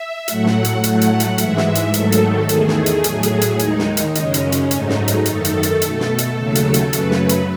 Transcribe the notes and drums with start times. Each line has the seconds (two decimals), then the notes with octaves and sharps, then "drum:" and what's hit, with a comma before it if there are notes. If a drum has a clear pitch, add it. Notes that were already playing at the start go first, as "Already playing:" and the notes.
Already playing: E5
0.28 A2 F#3 A3 F#5, drum: hi-hat
0.46 drum: snare
0.65 drum: hi-hat
0.84 A2 F#3 A3, drum: hi-hat
1.01 drum: hi-hat
1.20 drum: hi-hat
1.38 G#2 E3 G#3 E5, drum: hi-hat
1.57 drum: snare
1.75 drum: hi-hat
1.94 G#2 D#3 F#3 A3 A4, drum: hi-hat
2.12 drum: hi-hat
2.49 E2 D#3 A3 G#4, drum: hi-hat
2.68 drum: snare
2.86 drum: hi-hat
3.04 A2 F#3 A3, drum: hi-hat
3.23 drum: hi-hat
3.41 drum: hi-hat
3.59 D#2 D#3 G#3 D#4, drum: hi-hat
3.78 drum: snare
3.97 drum: hi-hat
4.15 F#2 C#3 G#3 C#4, drum: hi-hat
4.34 drum: hi-hat
4.52 drum: hi-hat
4.71 G#2 F#3 A3 D#4, drum: hi-hat
4.89 drum: snare
5.08 drum: hi-hat
5.26 F#2 D#3 A3 A4, drum: hi-hat
5.45 drum: hi-hat
5.63 drum: hi-hat
5.82 B2 A3, drum: hi-hat
6.00 drum: snare
6.18 drum: hi-hat
6.37 D#2 C#3 F#3 A3
6.55 drum: hi-hat
6.74 drum: hi-hat
6.93 F#2 C#3 F#3 A3 B4, drum: hi-hat
7.11 drum: snare
7.29 drum: hi-hat